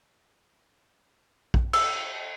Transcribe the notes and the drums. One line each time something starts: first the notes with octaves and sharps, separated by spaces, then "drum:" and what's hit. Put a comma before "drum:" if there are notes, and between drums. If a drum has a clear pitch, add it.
drum: kick A#1
E6, drum: cymbal